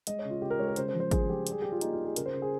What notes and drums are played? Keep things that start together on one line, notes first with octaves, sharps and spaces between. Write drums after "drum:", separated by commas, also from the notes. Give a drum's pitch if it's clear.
G#3 D#5, drum: hi-hat
C#5
C#3
F4
C#3 G4
A#4
G#3 C#5
A#4
C#3 C5, drum: hi-hat
C5
F3
C5
F3 G#4, drum: kick G#1, hi-hat
F3 G4
G3, drum: hi-hat
G#4
G3 G4
F4
A#3 D#4, drum: hi-hat
F4
A#3
G#4
C#3 A#4, drum: hi-hat
C5
C#3
G#4